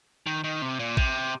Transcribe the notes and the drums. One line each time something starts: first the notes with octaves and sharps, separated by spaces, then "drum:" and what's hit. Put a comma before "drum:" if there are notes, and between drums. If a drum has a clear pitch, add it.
D#3
D#3
C3
A#2
C3, drum: kick A1